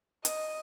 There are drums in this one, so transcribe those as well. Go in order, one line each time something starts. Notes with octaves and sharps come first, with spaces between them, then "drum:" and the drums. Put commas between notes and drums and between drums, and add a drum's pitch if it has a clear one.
D#5, drum: hi-hat